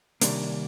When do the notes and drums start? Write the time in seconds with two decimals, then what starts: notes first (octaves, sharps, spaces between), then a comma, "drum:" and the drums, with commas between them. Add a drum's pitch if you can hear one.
0.22 C3 D#3 G3 A#3 D4, drum: hi-hat